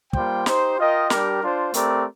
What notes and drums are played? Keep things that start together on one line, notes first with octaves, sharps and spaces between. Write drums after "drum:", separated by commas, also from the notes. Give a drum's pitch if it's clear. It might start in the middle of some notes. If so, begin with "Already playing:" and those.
G3 A#3 F4 C5 G5, drum: kick
D#4 G4 C5, drum: snare
F4 A#4 D#5 G5
G3 D4 G4 A#4, drum: snare
D4 F4 C5
A3 C4 G4 A#4 D5, drum: hi-hat